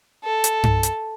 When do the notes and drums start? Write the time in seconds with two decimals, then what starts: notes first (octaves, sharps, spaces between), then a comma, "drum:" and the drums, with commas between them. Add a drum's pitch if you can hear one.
0.24 A4
0.44 drum: hi-hat
0.63 drum: tom G2
0.83 drum: hi-hat